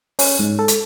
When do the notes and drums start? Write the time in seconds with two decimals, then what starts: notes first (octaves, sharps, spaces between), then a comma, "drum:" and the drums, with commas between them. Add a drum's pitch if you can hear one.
0.19 C#4, drum: open hi-hat
0.39 G#2
0.59 A4
0.68 drum: hi-hat